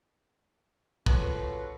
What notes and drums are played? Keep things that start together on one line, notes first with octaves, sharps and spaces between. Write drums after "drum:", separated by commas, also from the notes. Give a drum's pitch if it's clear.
C#3 F3 C#4 F#4 A4 B4, drum: kick